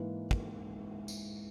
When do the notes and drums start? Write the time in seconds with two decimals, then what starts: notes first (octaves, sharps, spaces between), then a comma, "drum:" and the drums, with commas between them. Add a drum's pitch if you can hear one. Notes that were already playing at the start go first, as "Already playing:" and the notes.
Already playing: G#2 E3 A#3 B4
0.31 drum: kick
1.08 drum: tambourine